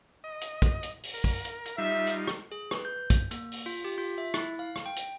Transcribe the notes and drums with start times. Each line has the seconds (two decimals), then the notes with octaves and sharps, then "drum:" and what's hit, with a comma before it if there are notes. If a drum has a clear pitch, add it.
0.24 D#5
0.41 drum: hi-hat
0.62 drum: kick, hi-hat
0.83 drum: hi-hat
1.03 drum: open hi-hat
1.14 A#4
1.24 drum: kick, open hi-hat
1.45 drum: hi-hat
1.65 drum: hi-hat
1.78 G3 D#4 F4 E5
2.07 drum: hi-hat
2.28 drum: rim click
2.52 G#4
2.71 B4, drum: rim click
2.85 G6
3.10 drum: kick, hi-hat
3.31 A#3, drum: hi-hat
3.52 drum: open hi-hat
3.66 F4
3.85 G4
3.98 F4
4.18 E5
4.34 E4, drum: rim click
4.59 F5
4.76 drum: rim click
4.86 G5
4.96 drum: hi-hat